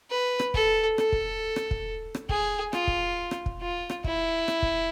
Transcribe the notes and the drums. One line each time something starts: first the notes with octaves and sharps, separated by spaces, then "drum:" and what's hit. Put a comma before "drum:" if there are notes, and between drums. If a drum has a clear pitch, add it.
B4
drum: rim click
A4, drum: kick
A4, drum: rim click
drum: kick
drum: rim click
drum: kick
drum: rim click
G#4, drum: kick
F4, drum: rim click
drum: kick
drum: rim click
drum: kick
F4
drum: rim click
E4, drum: kick
drum: rim click
drum: kick